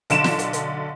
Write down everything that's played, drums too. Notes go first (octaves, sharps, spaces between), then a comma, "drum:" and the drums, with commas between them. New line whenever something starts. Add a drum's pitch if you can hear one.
B1 D3 D7 E7, drum: hi-hat
drum: snare
drum: hi-hat
drum: hi-hat